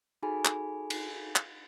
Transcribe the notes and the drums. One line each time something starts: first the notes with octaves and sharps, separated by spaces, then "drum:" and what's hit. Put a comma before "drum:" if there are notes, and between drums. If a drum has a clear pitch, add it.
D#4 F#4 G#4 A4 G#5 B5
drum: clap
drum: cymbal
drum: clap